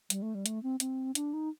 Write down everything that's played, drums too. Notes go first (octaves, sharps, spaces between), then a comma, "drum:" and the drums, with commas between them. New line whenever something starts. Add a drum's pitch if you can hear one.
G3, drum: hi-hat
A3
G3
A3, drum: hi-hat
C4
C4, drum: hi-hat
D4, drum: hi-hat
D#4